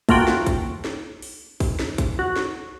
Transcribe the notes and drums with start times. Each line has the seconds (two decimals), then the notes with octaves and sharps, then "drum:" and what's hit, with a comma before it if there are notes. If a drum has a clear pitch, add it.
0.09 A3 A#3 F4 F#4 G5, drum: kick, open hi-hat
0.28 drum: snare
0.47 drum: kick, hi-hat
0.84 drum: snare
1.22 drum: open hi-hat
1.60 drum: kick, open hi-hat
1.79 drum: snare
1.98 drum: kick, hi-hat
2.19 F#4
2.36 drum: snare